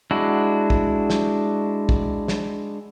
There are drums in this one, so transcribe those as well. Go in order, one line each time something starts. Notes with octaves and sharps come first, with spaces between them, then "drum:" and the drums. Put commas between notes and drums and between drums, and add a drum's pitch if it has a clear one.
G#3 D4 E4 F#4
drum: kick
drum: snare
drum: kick
drum: snare